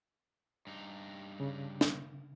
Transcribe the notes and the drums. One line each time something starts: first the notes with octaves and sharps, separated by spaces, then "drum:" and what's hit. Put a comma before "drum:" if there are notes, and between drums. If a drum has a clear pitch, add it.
G2 D#4
C#3
drum: snare